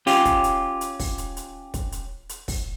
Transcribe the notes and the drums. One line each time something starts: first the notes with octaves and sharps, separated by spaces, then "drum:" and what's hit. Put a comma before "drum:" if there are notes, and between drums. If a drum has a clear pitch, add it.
C#4 F4 G4, drum: open hi-hat
drum: kick, hi-hat
drum: hi-hat
drum: hi-hat
drum: kick, open hi-hat
drum: hi-hat
drum: hi-hat
drum: kick, hi-hat
drum: hi-hat
drum: hi-hat
drum: kick, open hi-hat